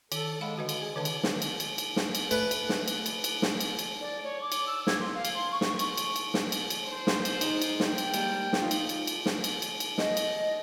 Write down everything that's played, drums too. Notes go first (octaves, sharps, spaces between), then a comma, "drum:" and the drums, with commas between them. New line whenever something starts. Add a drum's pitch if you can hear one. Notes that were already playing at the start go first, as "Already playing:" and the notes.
D#3 A4, drum: cymbal
G#3 F5 F#5 B5
D3 F#4 B4 D#5
drum: cymbal
G#4
D3 D#3 B4 A5
drum: cymbal
drum: snare
drum: cymbal
drum: cymbal
drum: cymbal
drum: snare
drum: cymbal
A3 B4, drum: cymbal
drum: cymbal
drum: snare
drum: cymbal
drum: cymbal
drum: cymbal
drum: snare
drum: cymbal
drum: cymbal
D5
C#5
D6
drum: cymbal
E6
G#6, drum: snare
C6
F5
drum: cymbal
C6
C#6
drum: snare
drum: cymbal
drum: cymbal
drum: cymbal
drum: snare
drum: cymbal
drum: cymbal
C5
drum: snare
drum: cymbal
G#3 D#4, drum: cymbal
drum: cymbal
G5, drum: snare
drum: cymbal
G3 G#3 A#3, drum: cymbal
drum: snare
D#4 F4
drum: cymbal
drum: cymbal
drum: cymbal
drum: snare
drum: cymbal
drum: cymbal
drum: cymbal
D#5, drum: snare
drum: cymbal